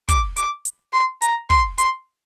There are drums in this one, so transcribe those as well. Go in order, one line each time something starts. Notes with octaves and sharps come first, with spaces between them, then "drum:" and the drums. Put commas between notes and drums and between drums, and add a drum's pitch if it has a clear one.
D6, drum: kick, hi-hat
D6, drum: hi-hat
drum: hi-hat
C6
A#5, drum: hi-hat
C6, drum: kick
C6, drum: hi-hat